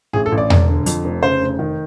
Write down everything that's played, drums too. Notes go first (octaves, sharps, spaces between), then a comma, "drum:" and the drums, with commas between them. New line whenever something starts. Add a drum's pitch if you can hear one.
A1 G#4
A4
A1
D5
E1, drum: tom E2
D3
F2, drum: hi-hat
F1
C#3 C5
F1
D#3